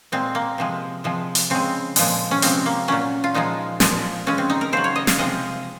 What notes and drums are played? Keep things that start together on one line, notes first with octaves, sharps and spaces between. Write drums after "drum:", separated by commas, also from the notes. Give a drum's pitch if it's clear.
A#2 G#3 C4
A#3
C3 F3 G#3
C3 F3 G#3
drum: hi-hat
C#3 G#3 C4
A#2 F3 G#3, drum: open hi-hat
C#4
C3 F3 G#3 C4, drum: hi-hat
A#3
A#2 F#3 C#4
F4
A#2 F3 G#3 D#4
A#2 F3 G#3, drum: snare
C#3 G#3 C#4
C4
D#4
A#4
C#3 F#3 C5
C#5
D#5
F5, drum: snare
C3 F3 G#3 D#5